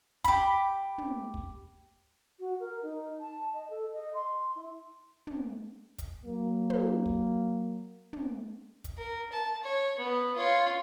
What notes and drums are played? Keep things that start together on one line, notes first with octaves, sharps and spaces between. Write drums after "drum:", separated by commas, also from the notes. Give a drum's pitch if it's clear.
G4 B5, drum: kick, hi-hat
drum: tom
drum: kick
F#4
A#4
D#4
A5
D#5
A4
D#5
C6
E4
drum: tom
drum: kick, hi-hat
F#3 A#3
drum: tom
drum: kick
drum: tom
drum: kick, hi-hat
A#4
A5
C#5
B3
F4 C#5